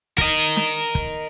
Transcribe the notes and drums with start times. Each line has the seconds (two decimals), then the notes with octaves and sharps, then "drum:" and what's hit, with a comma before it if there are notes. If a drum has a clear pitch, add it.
0.18 A#4 D#5, drum: kick, hi-hat
0.57 drum: snare
0.95 drum: kick, hi-hat